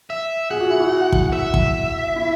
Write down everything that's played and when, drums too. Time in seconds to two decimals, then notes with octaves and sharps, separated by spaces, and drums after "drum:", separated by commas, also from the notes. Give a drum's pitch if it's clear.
0.10 E5
0.51 G#4 F#5
0.61 F#4
0.70 E4
0.80 F#4
1.12 drum: kick
1.33 E5
1.54 drum: kick
2.16 E4